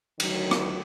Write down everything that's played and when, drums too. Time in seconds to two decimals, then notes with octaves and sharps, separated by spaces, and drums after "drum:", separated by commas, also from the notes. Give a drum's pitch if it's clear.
0.20 D2 D#3 F#3, drum: cymbal
0.51 drum: rim click